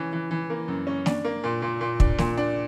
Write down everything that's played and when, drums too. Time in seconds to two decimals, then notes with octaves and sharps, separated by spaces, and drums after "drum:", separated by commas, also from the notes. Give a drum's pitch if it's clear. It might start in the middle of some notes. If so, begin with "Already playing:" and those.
Already playing: E3 C#4
0.13 E3
0.31 E3
0.50 A#3
0.68 F#2
0.87 C#4
1.06 D4, drum: snare
1.25 A#3
1.44 A#2
1.62 A#2
1.81 A#2
2.00 D4, drum: kick
2.18 A#2, drum: snare
2.37 D4